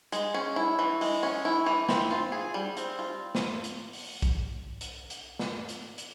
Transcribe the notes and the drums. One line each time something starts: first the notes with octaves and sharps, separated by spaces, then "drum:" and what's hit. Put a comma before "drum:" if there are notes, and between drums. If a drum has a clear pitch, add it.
G#3, drum: hi-hat
C#4
E4
E3
G#3, drum: open hi-hat
C#4
E4
E3
C4, drum: snare
F4
G#4
G3
C4, drum: hi-hat
F4
drum: snare
drum: hi-hat
drum: open hi-hat
drum: kick B1, hi-hat
drum: hi-hat
drum: hi-hat
drum: snare
drum: hi-hat
drum: hi-hat